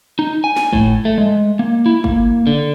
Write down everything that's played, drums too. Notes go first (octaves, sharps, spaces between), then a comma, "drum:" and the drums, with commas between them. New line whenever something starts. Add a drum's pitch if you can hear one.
D#4
G#5
drum: snare
A2, drum: kick
A3
G#3
A#3
E4
A#3, drum: kick
D3